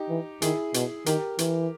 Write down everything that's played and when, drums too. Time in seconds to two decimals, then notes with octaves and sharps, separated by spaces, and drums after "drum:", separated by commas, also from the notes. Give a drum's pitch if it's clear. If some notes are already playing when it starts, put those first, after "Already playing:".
Already playing: D#4 G4
0.09 E3
0.42 D#3 E4 G#4, drum: hi-hat
0.74 B2, drum: hi-hat
1.06 D#3 G4 A#4, drum: hi-hat
1.39 E3, drum: hi-hat